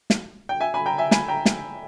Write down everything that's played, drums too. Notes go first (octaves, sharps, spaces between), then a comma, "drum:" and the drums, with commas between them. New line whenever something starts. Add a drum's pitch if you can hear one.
drum: snare
G5
E5 G#5
G#5 B5
G5 A#5
E5 G#5
G#5 B5, drum: snare
G5 A#5
drum: snare